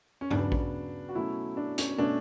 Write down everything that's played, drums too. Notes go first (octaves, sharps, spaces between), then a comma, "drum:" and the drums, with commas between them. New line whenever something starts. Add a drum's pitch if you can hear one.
C#4
C#3 F#3 B3 D4, drum: tom G2
drum: kick A#1
F#4
B2 F#3 A3 C#4 E4
D4
C#4, drum: hi-hat
B2 A3 C#4 D4